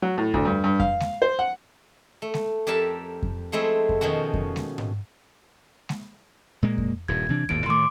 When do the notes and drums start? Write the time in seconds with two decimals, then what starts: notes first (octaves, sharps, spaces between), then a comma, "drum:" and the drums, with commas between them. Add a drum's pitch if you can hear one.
0.02 F#3
0.18 A2
0.34 D2, drum: kick F2
0.45 G2
0.64 G2
0.80 F5, drum: kick F2
1.00 drum: snare G#3
1.22 C5
1.39 F#5
2.22 A3
2.34 drum: snare G#3
2.67 F2 G4 A#4 E5 A5
3.23 drum: kick F2
3.52 F3 G#3 A3 C4 E4
3.89 drum: kick F2
4.01 B2 D#3 F3 C#4 F#4
4.34 drum: kick F2
4.56 drum: snare G#3
4.78 drum: tom G#2
5.89 drum: snare G#3
6.62 A#2 G#3 A#3
6.78 drum: kick F2
7.08 D#1 G2 G#6
7.29 C3 E3 D4
7.49 G#1 D#2 A2 D7
7.66 A2 D#3 A3 C6 D6